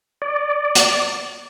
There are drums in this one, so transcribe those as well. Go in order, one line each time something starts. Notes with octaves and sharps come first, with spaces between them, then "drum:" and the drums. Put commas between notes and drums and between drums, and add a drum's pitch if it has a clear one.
D5
drum: hi-hat